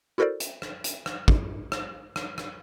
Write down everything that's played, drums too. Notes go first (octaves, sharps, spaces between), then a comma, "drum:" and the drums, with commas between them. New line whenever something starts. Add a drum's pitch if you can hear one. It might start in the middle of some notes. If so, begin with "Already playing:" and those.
E4 F#4 A4 A#4 C5 D5
drum: hi-hat
drum: rim click
drum: hi-hat
drum: rim click
drum: kick
drum: rim click
drum: rim click
drum: rim click